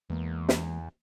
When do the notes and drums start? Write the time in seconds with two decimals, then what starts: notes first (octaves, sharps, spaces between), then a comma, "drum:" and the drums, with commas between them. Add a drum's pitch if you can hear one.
0.10 E2 E3 G#3 A#3
0.49 drum: snare